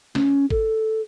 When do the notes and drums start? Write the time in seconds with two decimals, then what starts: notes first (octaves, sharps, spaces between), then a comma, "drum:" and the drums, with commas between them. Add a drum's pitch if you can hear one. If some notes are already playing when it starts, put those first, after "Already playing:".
0.15 C#4, drum: snare
0.50 A4, drum: kick